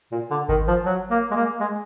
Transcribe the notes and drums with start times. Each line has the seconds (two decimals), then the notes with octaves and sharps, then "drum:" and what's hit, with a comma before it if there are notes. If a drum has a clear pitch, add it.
0.11 A#2
0.31 D3
0.49 D#3, drum: kick G#1
0.68 F3
0.86 F#3
1.11 A#3
1.31 G#3
1.35 A#3
1.60 G#3